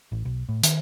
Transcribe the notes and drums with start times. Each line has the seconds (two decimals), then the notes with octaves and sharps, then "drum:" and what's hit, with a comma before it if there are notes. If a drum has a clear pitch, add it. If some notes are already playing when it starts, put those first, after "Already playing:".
0.12 A1
0.25 B1
0.49 A2
0.63 D#3, drum: hi-hat